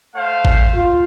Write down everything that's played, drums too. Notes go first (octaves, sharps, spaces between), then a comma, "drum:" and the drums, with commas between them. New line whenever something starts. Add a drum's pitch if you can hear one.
A3 C5 F5
drum: kick G#1
F4